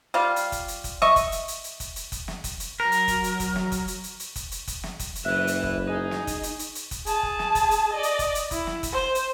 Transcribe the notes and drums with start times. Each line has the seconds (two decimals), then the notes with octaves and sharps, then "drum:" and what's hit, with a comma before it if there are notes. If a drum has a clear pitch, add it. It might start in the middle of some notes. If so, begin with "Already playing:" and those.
0.14 G3 F4
0.36 drum: hi-hat
0.52 drum: kick F#1, hi-hat
0.68 drum: hi-hat
0.84 drum: kick F#1, hi-hat
1.02 D#5 E5 C#6, drum: snare
1.16 drum: kick F#1, hi-hat
1.32 drum: hi-hat
1.48 drum: hi-hat
1.64 drum: hi-hat
1.80 drum: kick F#1, hi-hat
1.96 drum: hi-hat
2.12 drum: kick F#1, hi-hat
2.28 drum: snare
2.44 drum: kick F#1, hi-hat
2.60 drum: hi-hat
2.80 F#3 A#4
2.92 drum: hi-hat
3.08 drum: kick F#1, hi-hat
3.24 drum: hi-hat
3.40 drum: kick F#1, hi-hat
3.56 drum: snare
3.72 drum: kick F#1, hi-hat
3.88 drum: hi-hat
4.04 drum: hi-hat
4.20 drum: hi-hat
4.36 drum: kick F#1, hi-hat
4.52 drum: hi-hat
4.68 drum: kick F#1, hi-hat
4.83 drum: snare
4.99 drum: kick F#1, hi-hat
5.15 drum: hi-hat
5.25 F#1 B4 E5 F#6
5.47 drum: hi-hat
5.63 drum: kick F#1
5.87 D#4 G#4
6.11 drum: snare
6.27 drum: kick F#1, hi-hat
6.43 drum: hi-hat
6.59 drum: hi-hat
6.75 drum: hi-hat
6.91 drum: kick F#1, hi-hat
7.06 G#4 A5, drum: hi-hat
7.23 drum: kick F#1
7.39 drum: snare
7.55 drum: kick F#1, hi-hat
7.71 drum: hi-hat
7.93 D5 D#5
8.03 drum: hi-hat
8.19 drum: kick F#1, hi-hat
8.35 drum: hi-hat
8.51 E4, drum: kick F#1, hi-hat
8.67 drum: snare
8.83 drum: kick F#1, hi-hat
8.92 C5
9.15 drum: hi-hat